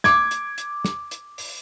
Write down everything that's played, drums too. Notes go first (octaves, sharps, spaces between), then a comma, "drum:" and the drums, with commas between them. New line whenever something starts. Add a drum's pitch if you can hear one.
D6 G#6, drum: snare
drum: hi-hat
drum: hi-hat
drum: snare
drum: hi-hat
drum: open hi-hat